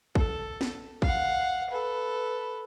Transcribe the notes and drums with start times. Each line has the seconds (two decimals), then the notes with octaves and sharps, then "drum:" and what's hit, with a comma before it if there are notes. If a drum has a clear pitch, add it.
0.15 A4, drum: kick
0.61 drum: snare
1.02 F5 F#5, drum: kick
1.70 A4 B4